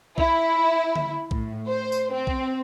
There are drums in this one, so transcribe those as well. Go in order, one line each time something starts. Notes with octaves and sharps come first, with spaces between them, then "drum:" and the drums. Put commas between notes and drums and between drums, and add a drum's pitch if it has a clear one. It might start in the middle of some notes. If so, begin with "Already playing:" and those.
E4, drum: kick B1
drum: tom D3
A2, drum: kick B1
C5
drum: tambourine
C4
drum: kick B1